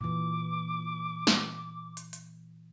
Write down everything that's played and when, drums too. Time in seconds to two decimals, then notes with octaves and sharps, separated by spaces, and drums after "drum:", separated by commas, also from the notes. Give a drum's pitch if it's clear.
0.01 A#2 E3 D6
1.27 drum: snare
1.97 drum: hi-hat
2.13 drum: hi-hat